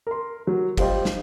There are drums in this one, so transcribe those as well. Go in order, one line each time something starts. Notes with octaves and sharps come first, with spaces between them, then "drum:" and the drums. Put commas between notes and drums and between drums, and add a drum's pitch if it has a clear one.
A#4 C6
F#3
G3 F4 C5 D#5 G5, drum: kick G1, cymbal
drum: snare